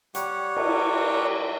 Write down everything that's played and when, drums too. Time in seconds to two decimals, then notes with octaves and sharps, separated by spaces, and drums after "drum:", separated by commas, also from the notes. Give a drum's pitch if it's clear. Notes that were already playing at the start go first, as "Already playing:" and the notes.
0.15 G3 G4 C#5 F#5, drum: hi-hat
0.56 drum: cymbal